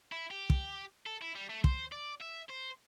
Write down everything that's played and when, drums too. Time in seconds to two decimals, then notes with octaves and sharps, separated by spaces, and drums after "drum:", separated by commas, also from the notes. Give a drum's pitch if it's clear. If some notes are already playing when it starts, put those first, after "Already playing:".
0.12 E4
0.31 G4
0.50 drum: kick
1.06 A4
1.22 E4
1.35 G3
1.49 A3
1.64 C5, drum: kick
1.92 D5
2.21 E5
2.50 C5